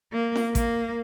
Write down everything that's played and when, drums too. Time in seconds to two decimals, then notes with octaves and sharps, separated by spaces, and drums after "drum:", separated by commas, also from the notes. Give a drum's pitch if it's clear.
0.12 A#3
0.36 drum: snare
0.55 A#3, drum: kick, hi-hat